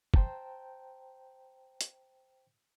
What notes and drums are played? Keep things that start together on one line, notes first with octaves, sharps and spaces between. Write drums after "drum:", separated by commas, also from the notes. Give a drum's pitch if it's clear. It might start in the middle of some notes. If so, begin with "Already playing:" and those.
C5 G5 A5 A#5, drum: kick
drum: hi-hat